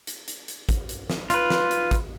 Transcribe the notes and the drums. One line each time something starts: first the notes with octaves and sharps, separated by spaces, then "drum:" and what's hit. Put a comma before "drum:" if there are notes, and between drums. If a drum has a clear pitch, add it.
drum: hi-hat
drum: hi-hat
drum: hi-hat
drum: kick, hi-hat
drum: hi-hat
drum: snare
F4 B4, drum: hi-hat
drum: snare
drum: hi-hat
drum: kick, hi-hat